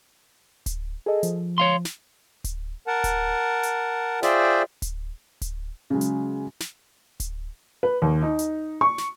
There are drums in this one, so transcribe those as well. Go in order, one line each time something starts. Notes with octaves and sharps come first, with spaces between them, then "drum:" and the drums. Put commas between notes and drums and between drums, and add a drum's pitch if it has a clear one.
drum: kick D1, hi-hat
G#4 A4 D#5
F3, drum: hi-hat
C#5 F5 C6
drum: snare
drum: kick D1, hi-hat
A#4 F#5 A5
drum: kick D1, hi-hat
drum: hi-hat
F4 G#4 C5 D5 E5 G5, drum: snare
drum: kick D1, hi-hat
drum: kick D1, hi-hat
C#3 F#3 G#3
drum: hi-hat
drum: snare
drum: kick D1, hi-hat
B4
D#2
D#4
drum: hi-hat
C#6
drum: snare